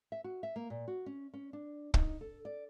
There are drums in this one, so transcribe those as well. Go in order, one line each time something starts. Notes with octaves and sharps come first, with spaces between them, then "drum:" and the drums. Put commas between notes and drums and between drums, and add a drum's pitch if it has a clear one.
E5
F#4
E5
A#3
A#2
F#4
C#4
C#4
D4
D#4, drum: kick
A4
D5